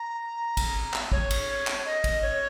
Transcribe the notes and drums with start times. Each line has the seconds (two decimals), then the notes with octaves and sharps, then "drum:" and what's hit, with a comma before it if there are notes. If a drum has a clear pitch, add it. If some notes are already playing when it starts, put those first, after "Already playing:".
Already playing: A#5
0.57 drum: kick A1, cymbal
0.94 drum: clap
1.12 C#5, drum: kick A1
1.31 drum: cymbal
1.67 drum: clap
1.86 D#5
2.04 drum: kick A1, cymbal
2.22 C#5